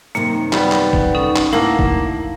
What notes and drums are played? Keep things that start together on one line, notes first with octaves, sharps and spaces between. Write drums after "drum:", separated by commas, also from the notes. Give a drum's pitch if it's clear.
F#2 C3 D#3 A#3
G3 B3, drum: clap
drum: clap
drum: kick
C#4 D#4 A4
drum: clap
D2 A2 A#3 E4 A5
drum: kick